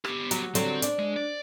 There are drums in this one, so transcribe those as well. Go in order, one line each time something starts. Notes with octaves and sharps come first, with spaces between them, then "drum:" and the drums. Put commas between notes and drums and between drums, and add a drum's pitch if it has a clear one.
B3 G4, drum: rim click
F#3, drum: hi-hat
D3 F#3 C4 C5, drum: hi-hat
D4, drum: hi-hat
G#3
D5